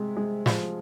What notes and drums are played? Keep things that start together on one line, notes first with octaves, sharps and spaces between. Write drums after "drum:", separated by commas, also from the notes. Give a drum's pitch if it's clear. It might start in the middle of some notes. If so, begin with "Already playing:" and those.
Already playing: C3 G#3
G#3
F3, drum: snare